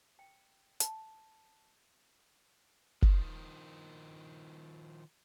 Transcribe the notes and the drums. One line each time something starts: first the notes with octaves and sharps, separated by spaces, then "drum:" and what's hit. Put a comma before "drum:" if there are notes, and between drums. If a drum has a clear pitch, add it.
G5
A5, drum: hi-hat
D#3 F3, drum: kick